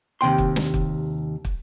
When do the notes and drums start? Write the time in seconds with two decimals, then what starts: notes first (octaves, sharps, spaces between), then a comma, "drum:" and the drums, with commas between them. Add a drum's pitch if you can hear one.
0.21 D#2 C3 G5 C6
0.38 drum: kick
0.56 drum: snare
0.74 drum: kick
1.45 drum: kick